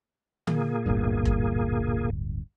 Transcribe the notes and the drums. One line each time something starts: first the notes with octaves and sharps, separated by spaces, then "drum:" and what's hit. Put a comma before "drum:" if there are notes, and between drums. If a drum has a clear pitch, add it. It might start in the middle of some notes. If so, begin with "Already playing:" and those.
A#2 A#3 G#4, drum: tom D3
D1 G1 G2
drum: kick F1